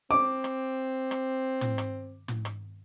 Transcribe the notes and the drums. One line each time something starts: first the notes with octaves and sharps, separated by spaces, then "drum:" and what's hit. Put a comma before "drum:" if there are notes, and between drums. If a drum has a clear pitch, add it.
C4 D6
drum: rim click
drum: rim click
drum: tom
drum: rim click
drum: tom
drum: rim click